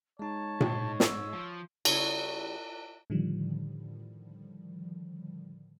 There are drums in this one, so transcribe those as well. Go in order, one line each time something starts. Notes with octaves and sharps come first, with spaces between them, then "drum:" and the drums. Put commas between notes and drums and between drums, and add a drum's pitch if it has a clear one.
G#3 D#4 C#5 A5
G#2, drum: tom A#2
E6, drum: snare
F3
C#3 G3 E4 F#4 C#5, drum: cymbal
A2 D3 D#3 F3 G3